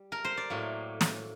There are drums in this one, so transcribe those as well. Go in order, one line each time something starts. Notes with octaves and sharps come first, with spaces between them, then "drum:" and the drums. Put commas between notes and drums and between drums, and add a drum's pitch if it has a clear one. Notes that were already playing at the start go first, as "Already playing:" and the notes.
Already playing: G3
A#4
C5
D5
A2 F#3 A#3
drum: snare